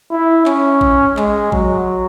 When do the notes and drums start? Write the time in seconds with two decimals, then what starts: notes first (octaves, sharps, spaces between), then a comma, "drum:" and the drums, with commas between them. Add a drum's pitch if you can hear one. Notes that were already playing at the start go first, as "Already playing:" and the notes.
0.11 E4
0.46 C#4, drum: clap
0.81 drum: kick A1
1.17 G#3, drum: clap
1.52 F#3, drum: kick A1